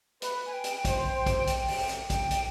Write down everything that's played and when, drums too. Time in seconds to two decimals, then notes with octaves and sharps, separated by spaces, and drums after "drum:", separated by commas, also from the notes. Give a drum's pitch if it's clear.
0.22 B4, drum: hi-hat
0.46 G#5
0.53 G5
0.64 drum: hi-hat
0.85 C5, drum: kick, hi-hat
1.26 drum: kick, hi-hat
1.47 drum: hi-hat
1.68 drum: open hi-hat
1.89 drum: hi-hat
2.10 G5, drum: kick, hi-hat
2.31 G5, drum: hi-hat